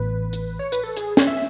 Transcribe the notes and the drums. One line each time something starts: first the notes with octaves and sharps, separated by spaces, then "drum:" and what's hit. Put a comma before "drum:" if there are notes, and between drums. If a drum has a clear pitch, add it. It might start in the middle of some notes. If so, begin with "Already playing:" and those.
Already playing: A1 A2 E3 B3 B4
drum: hi-hat
C#5
B4, drum: hi-hat
A4
G#4, drum: hi-hat
drum: snare
E5